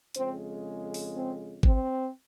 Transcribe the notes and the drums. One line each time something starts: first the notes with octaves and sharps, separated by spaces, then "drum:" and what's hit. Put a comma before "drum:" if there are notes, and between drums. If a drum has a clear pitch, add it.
F2 C#3 G#3 C4, drum: hi-hat
drum: open hi-hat
C4
C4, drum: kick G#1